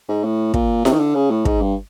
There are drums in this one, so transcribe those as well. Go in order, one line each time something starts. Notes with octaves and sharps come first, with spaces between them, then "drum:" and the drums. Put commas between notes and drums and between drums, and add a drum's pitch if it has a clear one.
G#2
A2
A#2, drum: kick
C3, drum: snare E4
D#3
D3
C#3
A2
G#2, drum: kick
G2